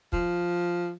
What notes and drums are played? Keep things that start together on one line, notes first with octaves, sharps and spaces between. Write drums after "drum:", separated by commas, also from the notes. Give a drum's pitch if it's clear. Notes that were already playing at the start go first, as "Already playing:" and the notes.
F3, drum: kick